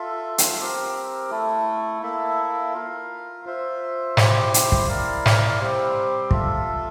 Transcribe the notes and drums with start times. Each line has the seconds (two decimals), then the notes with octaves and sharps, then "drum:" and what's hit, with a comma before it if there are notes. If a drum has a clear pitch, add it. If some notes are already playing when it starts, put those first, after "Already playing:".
Already playing: F4 A4 E5
0.38 drum: hi-hat
0.59 C4 G4 A#4
1.30 A3 E4 A4
2.02 A#3 E4 A4 E5
2.73 F4 A#4 F5
3.46 F4 C5 E5
4.17 E4 G4 C5, drum: snare
4.54 drum: hi-hat
4.72 drum: kick
4.88 E4 A#4 D5 F5
5.26 drum: snare
5.60 G3 C4 G4 C5
6.31 F4 A4 E5, drum: kick